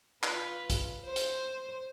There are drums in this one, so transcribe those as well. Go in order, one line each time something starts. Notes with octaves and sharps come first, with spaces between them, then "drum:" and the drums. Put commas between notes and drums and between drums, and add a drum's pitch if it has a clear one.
F4 B4, drum: clap
drum: kick, hi-hat
C5
drum: hi-hat